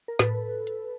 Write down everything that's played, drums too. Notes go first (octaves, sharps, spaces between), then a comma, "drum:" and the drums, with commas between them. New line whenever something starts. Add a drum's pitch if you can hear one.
A#4
A2 A4 B4, drum: snare
drum: hi-hat